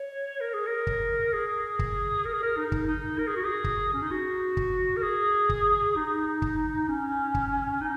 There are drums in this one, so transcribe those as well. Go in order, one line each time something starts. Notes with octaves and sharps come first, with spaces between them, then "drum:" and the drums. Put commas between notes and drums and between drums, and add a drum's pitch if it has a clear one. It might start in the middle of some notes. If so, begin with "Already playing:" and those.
Already playing: C#5
A#4
G#4
A#4
drum: kick
G#4
drum: kick
A#4
G#4
A#4
D#4
drum: kick
D#4
A#4
G#4
F#4
G#4
drum: kick
C#4
D#4
F#4
drum: kick
A#4
G#4
drum: kick
D#4
drum: kick
C#4
drum: kick
D#4